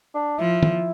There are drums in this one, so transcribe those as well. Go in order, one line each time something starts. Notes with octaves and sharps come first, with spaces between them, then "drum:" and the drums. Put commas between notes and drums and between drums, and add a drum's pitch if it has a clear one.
D4
F3 E4
drum: tom